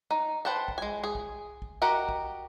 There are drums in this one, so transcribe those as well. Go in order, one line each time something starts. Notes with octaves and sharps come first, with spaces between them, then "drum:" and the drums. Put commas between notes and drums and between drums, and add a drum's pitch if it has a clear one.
D#4
B4 C5 F#5 G5 A5
drum: kick
G#3 G#5
G#4
drum: kick
drum: kick
F#4 G4 A#4 D#5 F#5
drum: kick